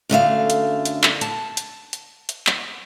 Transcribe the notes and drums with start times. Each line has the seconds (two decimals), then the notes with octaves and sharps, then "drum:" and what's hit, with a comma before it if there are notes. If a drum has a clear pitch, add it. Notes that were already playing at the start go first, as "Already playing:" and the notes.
0.09 F#2 D3 A3 F5
0.50 drum: hi-hat
0.85 drum: hi-hat
1.03 drum: clap
1.21 A5, drum: hi-hat
1.57 drum: hi-hat
1.93 drum: hi-hat
2.29 drum: hi-hat
2.47 drum: clap